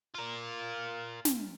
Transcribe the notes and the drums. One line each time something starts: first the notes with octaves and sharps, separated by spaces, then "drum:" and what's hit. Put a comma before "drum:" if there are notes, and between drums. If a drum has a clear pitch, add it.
F4 A#4
drum: snare